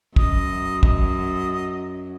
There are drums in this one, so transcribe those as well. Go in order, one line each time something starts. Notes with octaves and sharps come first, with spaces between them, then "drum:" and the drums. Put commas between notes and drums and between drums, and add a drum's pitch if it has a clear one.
F#2 D#5, drum: kick
D#5, drum: kick